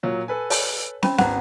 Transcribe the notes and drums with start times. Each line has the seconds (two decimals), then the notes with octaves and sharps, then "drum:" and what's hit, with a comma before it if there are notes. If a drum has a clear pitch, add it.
0.03 A#2 F#3
0.28 A4 B4 G#5
0.50 C#5, drum: open hi-hat
1.03 C4 C#4 B5, drum: snare
1.18 G#1 B3 C5 F#5 A#5, drum: snare